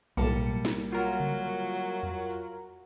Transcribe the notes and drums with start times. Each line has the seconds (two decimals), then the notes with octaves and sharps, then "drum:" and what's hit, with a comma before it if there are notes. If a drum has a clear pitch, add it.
0.17 B1 A2 G3 A#3 A5 C#7
0.65 drum: snare
0.92 F#3 F4 A#4
1.20 drum: tom C#3
1.75 drum: tambourine
2.03 drum: tom E2
2.31 drum: tambourine